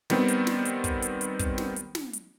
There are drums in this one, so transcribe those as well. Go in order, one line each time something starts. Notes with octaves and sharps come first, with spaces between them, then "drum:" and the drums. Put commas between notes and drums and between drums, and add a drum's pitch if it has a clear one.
D#3 G3 B3 C4, drum: snare
drum: hi-hat
drum: snare
drum: hi-hat
drum: kick, hi-hat
drum: hi-hat
drum: hi-hat
drum: kick, hi-hat
drum: snare
drum: hi-hat
drum: snare
drum: hi-hat